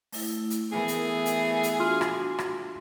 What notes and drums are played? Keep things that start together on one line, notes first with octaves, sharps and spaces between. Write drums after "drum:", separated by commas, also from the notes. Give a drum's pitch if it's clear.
A3 E4, drum: open hi-hat
drum: hi-hat
E3 A3 B3 G#4 A#4 G#5
drum: hi-hat
drum: hi-hat
drum: hi-hat
D4 F4 F#4 C6 F6
drum: rim click
drum: rim click